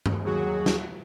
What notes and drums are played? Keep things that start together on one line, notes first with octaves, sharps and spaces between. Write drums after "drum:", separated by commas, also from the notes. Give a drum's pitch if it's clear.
drum: tom G2
D#2 F#3 F#4 G#4
drum: snare